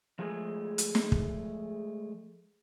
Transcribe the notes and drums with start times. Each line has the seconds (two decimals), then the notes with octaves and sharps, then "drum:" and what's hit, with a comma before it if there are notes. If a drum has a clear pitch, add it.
0.19 F3 G#3 A3 G#4
0.78 drum: hi-hat
0.95 drum: snare
1.12 drum: kick